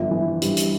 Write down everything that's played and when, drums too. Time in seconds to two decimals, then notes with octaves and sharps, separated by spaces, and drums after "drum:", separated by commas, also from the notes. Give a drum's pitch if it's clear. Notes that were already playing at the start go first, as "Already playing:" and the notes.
Already playing: G1 F3
0.11 E3
0.42 G2, drum: hi-hat
0.57 drum: hi-hat